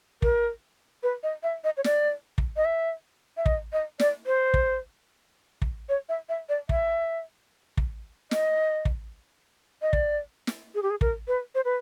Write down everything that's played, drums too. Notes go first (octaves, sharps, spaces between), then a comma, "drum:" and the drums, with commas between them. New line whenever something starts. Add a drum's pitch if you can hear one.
A#4, drum: kick
B4
D#5
E5
D#5
C#5
D5, drum: snare
drum: kick
D#5
E5
E5
D#5, drum: kick
D#5
D5, drum: snare
C5
drum: kick
drum: kick
C#5
E5
E5
D5
E5, drum: kick
drum: kick
D#5, drum: snare
drum: kick
D#5
D5, drum: kick
drum: snare
G#4
G4
G#4
A#4, drum: kick
B4
C5
B4